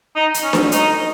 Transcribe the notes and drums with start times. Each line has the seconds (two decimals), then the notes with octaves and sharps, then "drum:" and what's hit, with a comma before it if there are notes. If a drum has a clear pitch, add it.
0.16 D#4
0.34 drum: hi-hat
0.44 C#4
0.53 drum: snare D4
0.72 D#4, drum: hi-hat